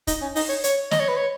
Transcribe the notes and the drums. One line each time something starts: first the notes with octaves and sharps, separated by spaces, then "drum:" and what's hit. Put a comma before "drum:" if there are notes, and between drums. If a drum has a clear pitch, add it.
D#4, drum: kick, hi-hat
C#4
D#4, drum: open hi-hat
C#5
C#5, drum: hi-hat
D#5, drum: snare
C#5
B4
C#5